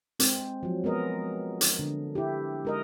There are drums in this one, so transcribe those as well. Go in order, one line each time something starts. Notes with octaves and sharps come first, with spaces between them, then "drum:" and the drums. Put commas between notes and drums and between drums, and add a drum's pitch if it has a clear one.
G#3 C4, drum: hi-hat
F3 F#3
G#3 B3 A#4 D#5
drum: hi-hat
D3
E4 G4
G#3 A#4 D#5